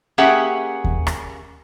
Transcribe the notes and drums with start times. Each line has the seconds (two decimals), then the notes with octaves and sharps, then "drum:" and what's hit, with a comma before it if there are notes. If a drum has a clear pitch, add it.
0.18 A#3 C#4 G4 G#4 E5 F#5
0.84 drum: kick D#2
1.07 drum: rim click